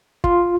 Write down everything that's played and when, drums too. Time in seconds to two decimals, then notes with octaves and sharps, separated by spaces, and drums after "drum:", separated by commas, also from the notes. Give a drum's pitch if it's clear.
0.24 F4, drum: kick